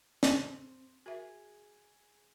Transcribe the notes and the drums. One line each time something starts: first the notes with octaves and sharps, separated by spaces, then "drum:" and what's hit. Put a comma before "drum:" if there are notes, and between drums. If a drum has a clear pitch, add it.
C4, drum: snare
F#4 G#4 A#4 E5